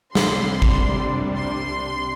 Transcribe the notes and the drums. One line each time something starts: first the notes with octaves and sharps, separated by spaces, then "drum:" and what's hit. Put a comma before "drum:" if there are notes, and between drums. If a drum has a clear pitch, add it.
C2 C3 G3 D4 C6, drum: snare
drum: kick
C6